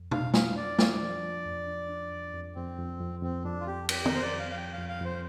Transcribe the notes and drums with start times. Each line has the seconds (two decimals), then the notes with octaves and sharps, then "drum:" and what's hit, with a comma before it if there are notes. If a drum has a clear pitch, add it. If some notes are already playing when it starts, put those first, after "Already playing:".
Already playing: F2
0.11 D4 F5, drum: tom B2
0.34 D4 F5, drum: snare
0.56 D4 D5
0.79 D4 F5, drum: snare
0.90 D5
1.01 F3
1.23 F3
1.46 F2
1.67 D4
1.89 D4
2.11 F2
2.34 F2
2.55 F2 C4
2.78 F2
3.00 F2
3.23 F2 C4
3.44 F2 D4
3.61 F4
3.67 F2 G4
3.89 C4 G4, drum: cymbal
4.06 A#4, drum: tom
4.12 F3 C5
4.22 D5
4.34 F2
4.39 F5
4.51 F5
4.56 F3 G5
4.73 F5
4.78 F2
4.89 F5
5.01 F2 C5